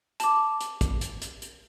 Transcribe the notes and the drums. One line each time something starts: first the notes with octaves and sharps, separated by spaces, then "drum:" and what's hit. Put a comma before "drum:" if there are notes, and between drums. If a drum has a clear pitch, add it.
A5 D6, drum: hi-hat
drum: hi-hat
drum: kick, hi-hat
drum: hi-hat
drum: hi-hat
drum: hi-hat